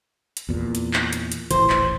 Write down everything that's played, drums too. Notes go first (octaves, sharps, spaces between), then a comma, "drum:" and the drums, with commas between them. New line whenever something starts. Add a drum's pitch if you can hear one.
drum: hi-hat
E2 A#2
drum: hi-hat
drum: clap
drum: hi-hat
drum: hi-hat
D#1 A1 E3 C5, drum: hi-hat
drum: clap